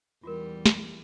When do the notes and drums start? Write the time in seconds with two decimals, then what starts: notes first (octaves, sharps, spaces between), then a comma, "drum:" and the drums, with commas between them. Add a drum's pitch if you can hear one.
0.24 E2 G3 F4 F#4 A#4
0.66 drum: snare